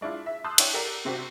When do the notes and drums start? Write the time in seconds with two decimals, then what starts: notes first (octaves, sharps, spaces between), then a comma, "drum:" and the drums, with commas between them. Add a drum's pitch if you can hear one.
0.01 G#3 D4 E4 F4
0.26 E5
0.44 A5 C6 D#6 E6 F#6 G6
0.58 D4 E4 C#5 F#5 G5, drum: cymbal
0.73 G4 A4 A#4 D5 F#5
1.05 C3 C4 D4 F#4 G4